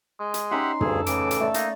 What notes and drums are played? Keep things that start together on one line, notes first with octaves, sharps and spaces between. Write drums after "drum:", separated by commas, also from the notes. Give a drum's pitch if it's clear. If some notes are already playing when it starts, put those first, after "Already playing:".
G#3
drum: hi-hat
C#4 D#4 G4 E5 F#5 B5 C6
D2 G2 G#4 A4, drum: tom
A2 C#3 E3 D6, drum: hi-hat
drum: hi-hat
A3 D5
A#3 D#4, drum: hi-hat